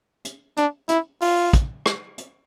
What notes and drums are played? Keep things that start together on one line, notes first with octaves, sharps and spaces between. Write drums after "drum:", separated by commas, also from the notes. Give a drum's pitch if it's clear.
drum: hi-hat
D4, drum: hi-hat
E4, drum: hi-hat
F4, drum: open hi-hat
drum: kick, hi-hat
drum: rim click
drum: hi-hat